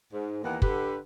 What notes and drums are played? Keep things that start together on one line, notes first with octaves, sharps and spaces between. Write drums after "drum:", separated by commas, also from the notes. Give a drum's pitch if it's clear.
G#2
D#2 E3 A#3 B3 A#4 F#5
D3 G4 B4, drum: kick